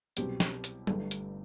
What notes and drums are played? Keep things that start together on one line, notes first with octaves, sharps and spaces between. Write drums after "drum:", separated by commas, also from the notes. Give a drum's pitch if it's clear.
C2 B2 F#3 C4 G4, drum: hi-hat
drum: snare
drum: hi-hat
G1 G2 D3 A3, drum: tom F#3
drum: hi-hat